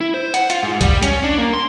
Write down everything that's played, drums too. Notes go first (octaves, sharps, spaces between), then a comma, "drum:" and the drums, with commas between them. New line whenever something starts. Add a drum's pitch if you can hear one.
E4
C5
F#5, drum: hi-hat
F4, drum: hi-hat
G#2
G3, drum: kick B1, hi-hat
C#4, drum: hi-hat
D4
A#3
C6